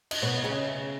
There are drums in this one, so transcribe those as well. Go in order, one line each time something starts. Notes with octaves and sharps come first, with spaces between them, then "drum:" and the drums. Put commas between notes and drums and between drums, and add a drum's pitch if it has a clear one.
D#5, drum: cymbal
B2 B3 C#5
D#5
C#3 C#4
D#5
E5